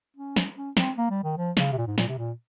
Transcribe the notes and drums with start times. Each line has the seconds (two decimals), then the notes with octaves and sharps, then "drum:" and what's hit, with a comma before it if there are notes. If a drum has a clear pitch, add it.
0.16 C#4
0.36 drum: snare
0.56 C#4
0.77 C4, drum: snare
0.97 A#3
1.10 G3
1.24 D#3
1.37 F3
1.57 C#3, drum: snare
1.73 C3
1.78 A#2
1.87 G#2
1.98 A#2, drum: snare
2.08 C3
2.18 A#2